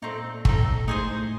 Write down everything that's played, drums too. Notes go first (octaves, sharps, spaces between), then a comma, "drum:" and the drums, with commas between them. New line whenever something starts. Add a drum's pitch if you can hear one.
A#2 A3 C4 D#4
A3 C4 D#4, drum: kick
A2 D#4 G#4 C5